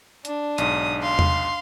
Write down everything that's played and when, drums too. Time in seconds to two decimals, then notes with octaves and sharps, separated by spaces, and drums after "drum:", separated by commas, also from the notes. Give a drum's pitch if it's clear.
0.25 D4, drum: hi-hat
0.58 B1 G#2 D#6, drum: hi-hat
1.02 F5 C6
1.19 drum: tom E2